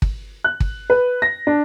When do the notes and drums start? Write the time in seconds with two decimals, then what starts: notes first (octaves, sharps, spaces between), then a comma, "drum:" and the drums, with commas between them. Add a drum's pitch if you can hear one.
0.02 drum: kick
0.44 F#6
0.60 drum: kick
0.90 B4
1.22 A#6
1.47 D4